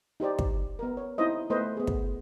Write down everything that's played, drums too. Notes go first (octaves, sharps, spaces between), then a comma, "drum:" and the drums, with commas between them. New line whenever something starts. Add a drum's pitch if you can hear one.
D#4 G4 C5 D5
drum: kick
B3 A#4
C#5
C4 D#4 E4 C5 D#5
A3 B3 B4 C5 D#5
B3 G#4
drum: kick